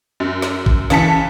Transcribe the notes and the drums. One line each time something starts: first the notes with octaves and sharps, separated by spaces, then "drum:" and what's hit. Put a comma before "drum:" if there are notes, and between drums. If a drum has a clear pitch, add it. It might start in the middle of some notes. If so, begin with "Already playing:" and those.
F#2
drum: snare
drum: kick A1
C#3 E3 A5 B6 C#7, drum: snare